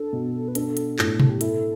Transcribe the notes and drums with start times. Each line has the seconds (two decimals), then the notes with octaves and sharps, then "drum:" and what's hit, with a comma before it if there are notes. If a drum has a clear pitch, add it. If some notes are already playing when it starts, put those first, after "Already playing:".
Already playing: D4 A4
0.13 B2
0.48 B4
0.55 D4 A4, drum: hi-hat
0.77 drum: hi-hat
0.99 A2, drum: clap
1.20 drum: tom B2
1.30 G4
1.41 E4 A4, drum: hi-hat